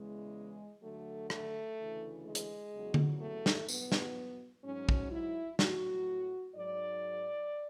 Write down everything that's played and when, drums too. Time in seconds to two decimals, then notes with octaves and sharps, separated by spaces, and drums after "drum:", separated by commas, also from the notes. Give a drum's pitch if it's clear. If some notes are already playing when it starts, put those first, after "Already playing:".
Already playing: E2 C#3 E3 G#3
0.83 D2 D3 F#3 A3
1.30 A3, drum: rim click
1.78 D2 C#3 E3
2.26 G#3
2.35 drum: hi-hat
2.74 E2 C#3 F#3
2.94 drum: tom D3
3.21 A3
3.46 drum: snare
3.68 E2 B2 F#3 B3, drum: tambourine
3.92 drum: snare
4.64 G#2 F#3 C#4
4.89 drum: kick
5.11 E4
5.59 A2 F#3 F#4, drum: snare
6.55 G#2 F#3 D5